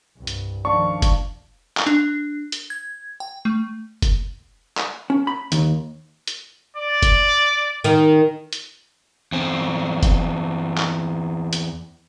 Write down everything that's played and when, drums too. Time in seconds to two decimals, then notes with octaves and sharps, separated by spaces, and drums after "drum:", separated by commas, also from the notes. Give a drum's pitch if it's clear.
0.17 C2 G2
0.27 drum: hi-hat
0.65 D#3 F3 D4 F5 C#6
1.02 drum: kick F1, hi-hat
1.77 drum: clap
1.87 D4
2.52 drum: hi-hat
2.70 G#6
3.20 G5
3.45 A3
4.02 drum: kick F1, hi-hat
4.77 drum: clap
5.10 C#4
5.27 B5
5.52 D#2, drum: hi-hat
6.27 drum: hi-hat
6.77 D5
7.03 drum: kick F1, hi-hat
7.84 D#3
8.53 drum: hi-hat
9.32 E2 C4
10.03 drum: kick F1, hi-hat
10.78 drum: clap
11.53 drum: hi-hat